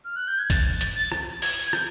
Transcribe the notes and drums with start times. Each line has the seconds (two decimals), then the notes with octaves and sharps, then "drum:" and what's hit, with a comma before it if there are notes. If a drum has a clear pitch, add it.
0.05 F6
0.16 F#6
0.28 G6
0.39 G#6
0.50 A6, drum: kick, hi-hat
0.81 drum: hi-hat
0.96 A6
1.12 drum: rim click
1.42 G#6, drum: open hi-hat
1.67 G#6
1.73 G6, drum: rim click